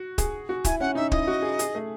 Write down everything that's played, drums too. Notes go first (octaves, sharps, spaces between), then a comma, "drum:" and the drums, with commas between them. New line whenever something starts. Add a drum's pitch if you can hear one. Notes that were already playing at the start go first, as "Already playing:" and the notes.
Already playing: F#4
G#4, drum: kick, hi-hat
F#4
E4 G#5, drum: kick, hi-hat
C#4 F#5
D#4 E5
E4 D#5, drum: kick
F#4
G#4
G#4, drum: hi-hat
A3